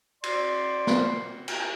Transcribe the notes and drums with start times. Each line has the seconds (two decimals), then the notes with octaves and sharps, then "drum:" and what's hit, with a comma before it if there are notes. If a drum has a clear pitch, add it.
0.24 D5 C6, drum: cymbal
0.87 drum: snare
1.48 drum: cymbal